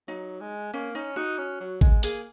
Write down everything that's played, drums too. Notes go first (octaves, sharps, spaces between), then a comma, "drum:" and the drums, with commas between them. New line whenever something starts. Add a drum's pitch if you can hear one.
F#3 D#4
G#3
A#3 C#4
C#4 D#4
D#4 F#4
C#4
F#3
G#3, drum: kick G#1
A#3 G#4, drum: hi-hat